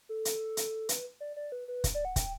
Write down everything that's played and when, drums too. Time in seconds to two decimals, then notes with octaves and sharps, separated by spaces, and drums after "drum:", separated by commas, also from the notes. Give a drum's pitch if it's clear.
0.09 A4
0.25 drum: hi-hat
0.57 drum: hi-hat
0.89 B4, drum: hi-hat
1.21 D5
1.37 D5
1.52 B4
1.68 B4
1.84 drum: kick, hi-hat
1.94 D5
2.05 F#5
2.16 G5, drum: kick, hi-hat